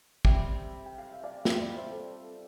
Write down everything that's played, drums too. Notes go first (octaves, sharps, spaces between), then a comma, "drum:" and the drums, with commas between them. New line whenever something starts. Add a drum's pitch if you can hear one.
C3 G3 C4 E5 G5, drum: kick
G5
F5
E5
D5 F5
G3 C4 F4 E5 G5, drum: snare
D5 F5
C5 E5
A4 C5